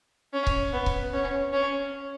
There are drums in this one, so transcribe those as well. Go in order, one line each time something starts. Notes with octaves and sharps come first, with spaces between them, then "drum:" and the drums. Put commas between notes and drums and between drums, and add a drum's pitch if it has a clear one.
C#4
drum: kick C#1
B3
drum: kick C#1
C#4
C#4